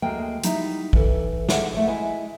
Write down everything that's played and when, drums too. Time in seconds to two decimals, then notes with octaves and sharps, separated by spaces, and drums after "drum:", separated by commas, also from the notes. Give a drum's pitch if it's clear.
0.02 D2 G#3 A#3 G5
0.43 F#3 G3 D#4 E4, drum: hi-hat
0.93 E3 A4, drum: kick
1.49 E5 F#5, drum: snare
1.73 A#2 A3
1.87 G#3 E4 E5 G#5